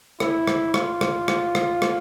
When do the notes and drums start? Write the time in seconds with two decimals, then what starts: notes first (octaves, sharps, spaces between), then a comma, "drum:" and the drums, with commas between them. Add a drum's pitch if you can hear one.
0.20 E4, drum: rim click
0.47 drum: rim click
0.74 F4, drum: rim click
1.01 drum: rim click
1.28 drum: rim click
1.55 drum: rim click
1.82 drum: rim click